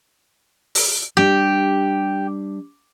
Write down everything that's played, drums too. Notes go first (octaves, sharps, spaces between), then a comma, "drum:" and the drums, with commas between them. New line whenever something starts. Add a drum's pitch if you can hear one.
drum: open hi-hat
G3 D4 G4